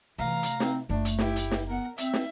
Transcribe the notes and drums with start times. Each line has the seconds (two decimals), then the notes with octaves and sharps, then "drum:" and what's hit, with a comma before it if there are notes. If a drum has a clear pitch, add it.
0.18 C3 E3 A3 F5 A#5
0.43 drum: hi-hat
0.60 C4, drum: snare
0.89 F#1 A3 D4 F4
1.05 drum: hi-hat
1.18 E4 G4, drum: snare
1.36 drum: hi-hat
1.51 drum: snare
1.67 B3 A#4 F#5
1.98 C4 E5, drum: hi-hat
2.13 drum: snare